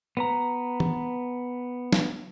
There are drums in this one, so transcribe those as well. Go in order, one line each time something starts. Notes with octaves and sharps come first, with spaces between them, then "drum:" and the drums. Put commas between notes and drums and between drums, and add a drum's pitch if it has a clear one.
B3 B4 A#5
drum: tom
drum: snare